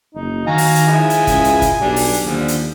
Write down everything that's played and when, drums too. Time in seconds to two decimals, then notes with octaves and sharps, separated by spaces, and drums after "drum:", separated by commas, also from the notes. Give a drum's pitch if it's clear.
0.15 F#1 D#4
0.47 D#3 F#4 F5 G#5 A#5
0.58 drum: open hi-hat
0.75 drum: hi-hat
0.87 F3 G#3 E4
1.10 drum: hi-hat
1.27 C#2, drum: kick, hi-hat
1.44 drum: hi-hat
1.62 drum: kick, hi-hat
1.81 B1 G3 D4
1.96 drum: open hi-hat
2.14 drum: hi-hat
2.24 D#2 D3 F3 G3
2.48 drum: hi-hat